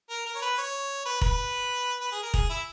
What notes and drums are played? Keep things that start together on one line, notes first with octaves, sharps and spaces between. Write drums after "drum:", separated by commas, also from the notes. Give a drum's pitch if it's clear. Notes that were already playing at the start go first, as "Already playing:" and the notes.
A#4
A#4
C#5
B4
C#5
B4
B4, drum: kick
B4
G#4
A#4
G#4, drum: kick
E4